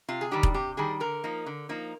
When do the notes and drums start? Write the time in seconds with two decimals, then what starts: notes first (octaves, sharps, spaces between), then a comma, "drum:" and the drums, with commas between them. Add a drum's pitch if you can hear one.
0.08 C3 F4
0.21 G#4
0.31 D#3 G3 D4 G4
0.43 drum: kick E1
0.54 C3 G4
0.77 D#3 G3 D4 G#4
1.00 D3 A#4
1.24 F3 A#3 D#4
1.46 D3
1.69 F3 A#3 D#4